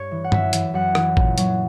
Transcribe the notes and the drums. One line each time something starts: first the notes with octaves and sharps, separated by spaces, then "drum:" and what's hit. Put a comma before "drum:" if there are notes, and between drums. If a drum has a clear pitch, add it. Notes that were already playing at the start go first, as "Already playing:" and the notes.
Already playing: G2 C#5
E3
F#5
F#2 E5, drum: tom G2
E3, drum: hi-hat
F#2 F#5
E3, drum: rim click
A#2, drum: kick G#1
F#3, drum: hi-hat